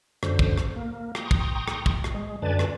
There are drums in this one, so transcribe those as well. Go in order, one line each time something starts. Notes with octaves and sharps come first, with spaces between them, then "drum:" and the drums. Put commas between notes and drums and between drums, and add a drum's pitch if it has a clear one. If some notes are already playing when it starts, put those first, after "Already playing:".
F#2 D3 C5, drum: rim click
drum: kick
drum: rim click
A#3
G5 A#5 C6 C#6 D#6, drum: rim click
drum: kick
drum: rim click
drum: kick
drum: rim click
G#3
F#2 D3 B4 D5 G#5 A5
drum: rim click